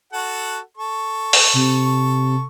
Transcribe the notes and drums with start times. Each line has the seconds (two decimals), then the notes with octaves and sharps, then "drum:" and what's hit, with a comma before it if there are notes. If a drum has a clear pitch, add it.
0.13 F#4 A4 F#5
0.77 A4 C#6
1.33 drum: open hi-hat
1.54 C3